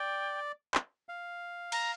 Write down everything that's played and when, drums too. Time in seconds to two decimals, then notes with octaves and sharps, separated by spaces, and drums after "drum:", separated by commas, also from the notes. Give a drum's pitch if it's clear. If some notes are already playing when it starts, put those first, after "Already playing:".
Already playing: D5 G5
0.75 drum: clap
1.09 F5
1.72 A#5, drum: cymbal